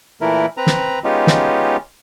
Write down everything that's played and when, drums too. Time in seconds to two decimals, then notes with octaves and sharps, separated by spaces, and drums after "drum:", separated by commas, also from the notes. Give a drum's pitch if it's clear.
0.21 A#2 E3 A3 E4 A#4
0.57 C4 B4 A#5
0.67 drum: snare
1.04 G#3 B3 C#4 D#4 F4 G4
1.27 drum: snare